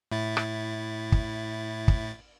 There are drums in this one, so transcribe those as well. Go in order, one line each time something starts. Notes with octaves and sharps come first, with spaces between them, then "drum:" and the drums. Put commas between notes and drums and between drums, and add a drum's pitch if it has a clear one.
A2 E4 A6
drum: rim click
drum: kick
drum: kick